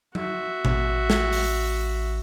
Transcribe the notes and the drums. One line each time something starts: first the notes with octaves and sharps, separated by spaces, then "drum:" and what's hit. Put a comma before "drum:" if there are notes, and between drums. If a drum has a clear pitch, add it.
F#4 E5, drum: tom F#3
A1, drum: tom B2
drum: snare
drum: open hi-hat